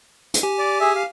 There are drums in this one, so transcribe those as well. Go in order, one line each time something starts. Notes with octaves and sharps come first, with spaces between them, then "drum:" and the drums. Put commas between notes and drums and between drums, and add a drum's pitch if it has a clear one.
drum: hi-hat
G4 G#5
D5
G#4 E5
F5